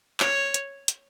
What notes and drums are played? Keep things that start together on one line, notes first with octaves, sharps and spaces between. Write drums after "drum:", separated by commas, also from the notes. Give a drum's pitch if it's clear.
C#5, drum: clap
drum: hi-hat
drum: hi-hat